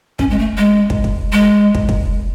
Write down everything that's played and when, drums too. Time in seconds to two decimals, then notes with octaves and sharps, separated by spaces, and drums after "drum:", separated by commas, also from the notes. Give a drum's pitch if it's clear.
0.19 C#4, drum: kick
0.31 G#3
0.39 A3
0.57 G#3
0.90 drum: kick
1.04 drum: kick
1.32 G#3
1.75 drum: kick
1.89 drum: kick